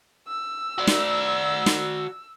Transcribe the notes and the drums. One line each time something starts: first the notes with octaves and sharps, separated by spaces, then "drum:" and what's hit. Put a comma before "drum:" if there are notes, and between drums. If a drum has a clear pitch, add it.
E6
F#4 D5
drum: snare
drum: snare